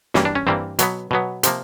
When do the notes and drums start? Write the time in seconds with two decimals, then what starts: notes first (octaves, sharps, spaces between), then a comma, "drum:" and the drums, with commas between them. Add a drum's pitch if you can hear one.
0.14 G2 E3 G3 A#3 C#4, drum: snare
0.25 D4
0.35 C#4
0.47 G2 E3 G3 A#3 C4
0.79 B2 F#3 B3, drum: hi-hat
1.11 B2 F#3 B3
1.43 C3 F3 A#3, drum: hi-hat